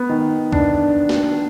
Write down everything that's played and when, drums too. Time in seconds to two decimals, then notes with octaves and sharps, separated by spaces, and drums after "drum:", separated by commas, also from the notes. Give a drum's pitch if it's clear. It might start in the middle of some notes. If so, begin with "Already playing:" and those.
Already playing: B3
0.09 D#3
0.52 D4, drum: kick C#2
1.09 drum: snare